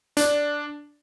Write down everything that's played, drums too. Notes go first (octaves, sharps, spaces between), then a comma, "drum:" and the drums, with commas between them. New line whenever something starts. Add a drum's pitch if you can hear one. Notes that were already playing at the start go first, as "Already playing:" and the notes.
D4, drum: hi-hat